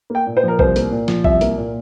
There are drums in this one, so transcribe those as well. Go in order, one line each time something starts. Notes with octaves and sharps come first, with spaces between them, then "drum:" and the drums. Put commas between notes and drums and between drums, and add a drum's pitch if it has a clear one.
A#3 G5
A#2
C5
F3 A#4
C2 C5, drum: kick A#1
A#3, drum: hi-hat
A#2
F3, drum: snare
C2 E5, drum: kick A#1
A#3, drum: hi-hat
A#2